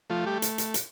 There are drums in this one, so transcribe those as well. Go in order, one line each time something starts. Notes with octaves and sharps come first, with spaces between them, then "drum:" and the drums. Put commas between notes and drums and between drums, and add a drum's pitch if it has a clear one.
F3 A3 F4
G3 G4
drum: hi-hat
drum: hi-hat
drum: hi-hat